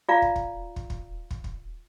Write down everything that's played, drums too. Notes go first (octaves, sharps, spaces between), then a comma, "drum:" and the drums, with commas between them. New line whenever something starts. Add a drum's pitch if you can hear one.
F4 D5 F5 A#5
drum: kick
drum: kick
drum: kick
drum: kick
drum: kick
drum: kick